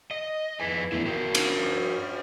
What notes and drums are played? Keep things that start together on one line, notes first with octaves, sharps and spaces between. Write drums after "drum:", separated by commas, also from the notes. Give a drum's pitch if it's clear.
D#5
F2 B4 G#5
E3 A3 B3 D4 E4
F#4 A#4 G5
drum: cymbal